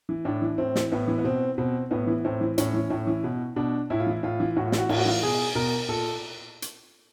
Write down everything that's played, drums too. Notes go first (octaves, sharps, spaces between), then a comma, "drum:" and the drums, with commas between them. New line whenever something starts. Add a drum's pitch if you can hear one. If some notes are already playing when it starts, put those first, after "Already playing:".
E3
A2 D4
E3
A2 C4
E3, drum: snare
A2 B3
E3
B3
B2 C4
B2 C4
A2 B3
E3
A2 C4
E3
A2 C#4, drum: hi-hat
E3
A2
E3
B2
B2 D4
A2 E4
F4
E3 E4
A2 F4
E3
A2 F#4
F4
E3, drum: snare
F#4
A2 F4, drum: cymbal
F#4
E3 F4
B2 G#4
B2 A#4
A#2 A4
drum: hi-hat